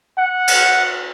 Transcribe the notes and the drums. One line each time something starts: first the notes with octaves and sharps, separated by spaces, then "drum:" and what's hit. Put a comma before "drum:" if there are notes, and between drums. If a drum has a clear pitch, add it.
F#5
drum: cymbal